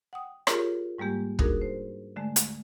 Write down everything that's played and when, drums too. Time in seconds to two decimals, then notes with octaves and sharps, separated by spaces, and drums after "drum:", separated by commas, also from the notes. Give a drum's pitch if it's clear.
0.13 F#5 G5 D#6
0.47 F4 G4 G#4 A#4 C#5, drum: rim click
0.98 G#2 G3 G#3 A#3 G4
1.39 D4 D#4 F#4 G#4 A#4 B4, drum: kick
1.61 C5
2.16 D3 G#3 A3
2.36 drum: hi-hat